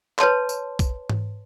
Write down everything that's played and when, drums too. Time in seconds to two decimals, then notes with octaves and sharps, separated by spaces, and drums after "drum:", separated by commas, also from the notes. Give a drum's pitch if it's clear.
0.19 B4 C#5 A5 C6, drum: clap
0.49 drum: tambourine
0.79 drum: kick, tambourine
1.09 drum: tom G#2